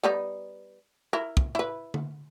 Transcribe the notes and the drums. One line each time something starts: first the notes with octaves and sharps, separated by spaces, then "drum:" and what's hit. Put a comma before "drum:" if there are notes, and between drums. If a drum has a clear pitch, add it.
G3 B3 D#4
E4 A#4
drum: kick
E4 B4
drum: tom D3